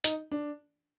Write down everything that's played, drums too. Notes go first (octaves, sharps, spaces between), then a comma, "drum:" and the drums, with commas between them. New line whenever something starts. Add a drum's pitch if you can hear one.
D#4, drum: hi-hat
D4